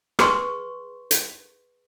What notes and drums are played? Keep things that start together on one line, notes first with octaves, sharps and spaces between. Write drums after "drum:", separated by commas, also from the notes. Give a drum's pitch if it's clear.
G#4 B4 C6 C#6, drum: rim click
drum: hi-hat